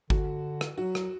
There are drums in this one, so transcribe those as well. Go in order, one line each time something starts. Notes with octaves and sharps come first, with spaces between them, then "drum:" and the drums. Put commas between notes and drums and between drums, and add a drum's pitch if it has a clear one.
D3 F#4, drum: kick G1
drum: rim click
F#3 F#4
drum: rim click